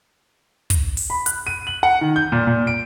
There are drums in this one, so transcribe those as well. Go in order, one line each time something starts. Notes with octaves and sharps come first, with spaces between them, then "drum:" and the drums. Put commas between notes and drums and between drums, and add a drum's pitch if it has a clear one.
drum: kick, hi-hat
drum: open hi-hat
B5
F#6, drum: hi-hat
D#7
F#7
F#5
D#3
G6
A#2
A#2
D7